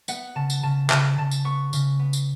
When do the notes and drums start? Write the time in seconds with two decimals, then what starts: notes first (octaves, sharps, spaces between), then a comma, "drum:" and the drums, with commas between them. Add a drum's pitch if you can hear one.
0.08 B3 F#5, drum: tambourine
0.35 C#3 A5
0.50 drum: tambourine
0.63 C#3 A5
0.90 C#3 A5, drum: clap
1.18 C#3 A5
1.31 drum: tambourine
1.44 B3 C#6
1.73 C#3, drum: tambourine
1.99 B3
2.13 drum: tambourine